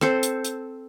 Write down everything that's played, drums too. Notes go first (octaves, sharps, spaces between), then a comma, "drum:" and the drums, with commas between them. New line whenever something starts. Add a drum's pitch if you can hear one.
C4 A4 C5, drum: rim click
drum: hi-hat
drum: hi-hat